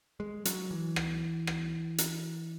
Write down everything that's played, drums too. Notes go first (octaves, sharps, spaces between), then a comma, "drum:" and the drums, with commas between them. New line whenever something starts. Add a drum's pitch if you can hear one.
G#3
F#3, drum: hi-hat
E3
drum: rim click
drum: rim click
drum: hi-hat